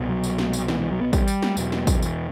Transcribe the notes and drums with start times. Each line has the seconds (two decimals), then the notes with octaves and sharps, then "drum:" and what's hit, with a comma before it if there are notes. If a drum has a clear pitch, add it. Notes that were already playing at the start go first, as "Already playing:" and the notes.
Already playing: C2 B2
0.09 F#3
0.24 drum: tambourine
0.38 drum: snare
0.53 drum: tambourine
0.68 E3, drum: snare
0.79 E3
0.91 F#3
1.01 B3
1.13 G3, drum: kick, tambourine
1.28 drum: tambourine
1.43 drum: snare
1.57 E2 B2 F#3, drum: tambourine
1.72 drum: snare
1.87 drum: kick, tambourine
2.02 E3, drum: tambourine